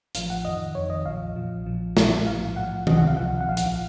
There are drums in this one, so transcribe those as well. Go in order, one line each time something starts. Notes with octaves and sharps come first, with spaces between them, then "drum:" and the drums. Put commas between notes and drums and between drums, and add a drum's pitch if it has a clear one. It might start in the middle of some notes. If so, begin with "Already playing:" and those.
A1 A2 F3 F5, drum: hi-hat
F#5
F2 D#3 D#5
F2 D#3 C#5
D#5
A#1 A#2 F3 F5
A#1 A#2 F3
A#1 A#2 F3
A#1 A#2 F3, drum: snare
A#1 A2 F3 F5
A#1 A2 F3 F#5
C#2 C3 F3 D#5, drum: tom D#3
F#5
F5
C#2 C3 F3 F#5
F#5
A#1 A#2 F3 F5
F#5, drum: hi-hat